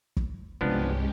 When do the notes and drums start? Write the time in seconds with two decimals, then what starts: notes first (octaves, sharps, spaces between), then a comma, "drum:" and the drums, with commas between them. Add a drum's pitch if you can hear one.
0.17 drum: kick
0.61 C2 G2 F3 G#3 B3 C#4 D4 G4